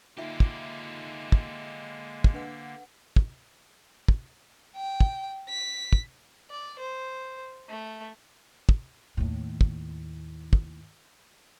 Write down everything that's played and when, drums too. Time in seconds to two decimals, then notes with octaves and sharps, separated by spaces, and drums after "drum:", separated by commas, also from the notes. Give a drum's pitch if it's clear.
0.17 D3 G#3 A#3 D#4 F4 G4 E5
0.40 drum: kick
1.32 drum: kick
2.24 drum: kick
2.33 D4 B4 F#5
3.16 drum: kick
4.08 drum: kick
4.76 G5
5.01 drum: kick
5.50 B6
5.93 drum: kick
6.50 D5
6.78 C5
7.69 A3
8.69 drum: kick
9.17 D#2 A2
9.61 drum: kick
10.53 drum: kick